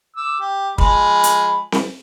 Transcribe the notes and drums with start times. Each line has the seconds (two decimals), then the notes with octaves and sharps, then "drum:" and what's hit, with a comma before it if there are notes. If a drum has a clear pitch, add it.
0.17 D6 E6
0.40 G4
0.78 F3 G#3 B5, drum: kick
1.24 drum: hi-hat
1.72 drum: snare C4